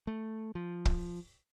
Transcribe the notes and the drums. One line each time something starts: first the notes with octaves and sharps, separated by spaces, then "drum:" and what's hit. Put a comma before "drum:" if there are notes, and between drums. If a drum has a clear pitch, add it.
A3
F3
drum: kick